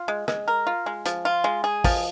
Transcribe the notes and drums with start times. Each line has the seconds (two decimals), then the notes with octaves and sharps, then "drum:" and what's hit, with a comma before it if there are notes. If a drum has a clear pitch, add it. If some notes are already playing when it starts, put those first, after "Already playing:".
Already playing: F4
0.08 G#3
0.28 G#3, drum: rim click
0.48 A#4
0.67 F4
0.86 G#3
1.06 F3, drum: hi-hat
1.25 F4
1.44 G#3
1.64 G#4
1.84 F3, drum: kick, open hi-hat